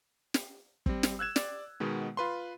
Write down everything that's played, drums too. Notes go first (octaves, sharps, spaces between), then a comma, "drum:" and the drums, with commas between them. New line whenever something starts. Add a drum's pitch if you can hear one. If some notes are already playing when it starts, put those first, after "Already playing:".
drum: snare
G3 C4, drum: kick
drum: snare
E6 F#6 G#6 E7
D5, drum: snare
B2 D#3 G#3 B3
F4 B4 C6